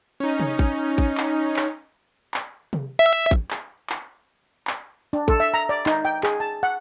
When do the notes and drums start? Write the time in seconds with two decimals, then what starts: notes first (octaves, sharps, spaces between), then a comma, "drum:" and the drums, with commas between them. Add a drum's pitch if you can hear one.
0.20 C#4 D#4
0.40 drum: tom C3
0.59 drum: kick A1
0.98 drum: kick A1
1.17 drum: clap
1.56 drum: clap
2.34 drum: clap
2.73 drum: tom C3
2.99 E5
3.31 drum: kick A1
3.51 drum: clap
3.90 drum: clap
4.67 drum: clap
5.13 D4
5.28 A4, drum: kick A1
5.40 E5
5.54 A#5
5.69 D5
5.86 D#4, drum: clap
6.05 G5
6.23 G#4, drum: clap
6.40 A5
6.63 F#5